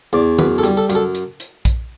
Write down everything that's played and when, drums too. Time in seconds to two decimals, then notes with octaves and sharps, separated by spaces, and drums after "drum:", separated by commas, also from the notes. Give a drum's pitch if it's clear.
0.13 E2 D5
0.39 F#2 B4, drum: tom
0.58 A4
0.63 G3, drum: hi-hat
0.77 A4
0.89 F#2, drum: hi-hat
0.95 A4
1.15 drum: hi-hat
1.40 drum: hi-hat
1.65 drum: kick A#1, hi-hat